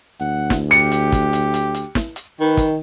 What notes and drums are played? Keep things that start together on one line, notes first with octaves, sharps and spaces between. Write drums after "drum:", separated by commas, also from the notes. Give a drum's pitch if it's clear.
D2 F#5
drum: snare
G4 C#7, drum: hi-hat
drum: hi-hat
drum: kick, hi-hat
drum: hi-hat
drum: hi-hat
drum: hi-hat
drum: snare
drum: hi-hat
D#3 B4
drum: kick, hi-hat